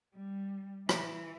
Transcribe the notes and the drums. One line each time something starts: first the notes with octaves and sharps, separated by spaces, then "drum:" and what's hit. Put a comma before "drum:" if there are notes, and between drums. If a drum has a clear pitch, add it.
G3
E3, drum: rim click